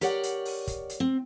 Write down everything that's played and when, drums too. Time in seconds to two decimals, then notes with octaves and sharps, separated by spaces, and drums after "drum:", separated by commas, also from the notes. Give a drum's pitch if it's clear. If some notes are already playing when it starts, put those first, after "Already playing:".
0.01 G4 A#4 C#5 D5 F#5, drum: hi-hat
0.23 drum: hi-hat
0.45 drum: open hi-hat
0.67 drum: kick, hi-hat
0.89 drum: hi-hat
1.00 C4